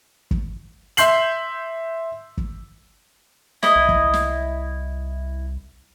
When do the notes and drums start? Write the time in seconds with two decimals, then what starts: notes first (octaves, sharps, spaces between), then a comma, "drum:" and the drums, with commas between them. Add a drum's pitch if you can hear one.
0.31 drum: kick
0.97 E5 C6 G6 C7 F#7, drum: hi-hat
2.37 drum: kick
3.63 E4 D#5, drum: snare
3.76 C2
3.89 drum: kick
4.14 drum: snare